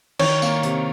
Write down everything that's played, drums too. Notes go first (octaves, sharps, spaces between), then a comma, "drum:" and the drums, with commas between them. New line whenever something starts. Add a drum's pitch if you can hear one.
D#3 C#5, drum: cymbal
A#3, drum: tambourine
C3, drum: hi-hat